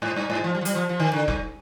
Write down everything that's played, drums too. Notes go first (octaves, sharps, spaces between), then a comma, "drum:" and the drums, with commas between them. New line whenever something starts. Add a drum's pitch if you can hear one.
G#2
G2
G#2
F3
G3
F3
G3, drum: hi-hat
F3
F3
D#3
D3
G2, drum: kick F1